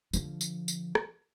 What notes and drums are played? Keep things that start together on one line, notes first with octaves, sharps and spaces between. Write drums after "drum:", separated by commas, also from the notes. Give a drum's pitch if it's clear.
D3 F3, drum: tambourine
drum: tambourine
drum: tambourine
drum: rim click